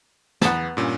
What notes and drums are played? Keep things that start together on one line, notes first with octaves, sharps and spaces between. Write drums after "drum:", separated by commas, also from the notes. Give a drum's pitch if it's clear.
E2 B3 A5, drum: snare
G2 A#2 C#4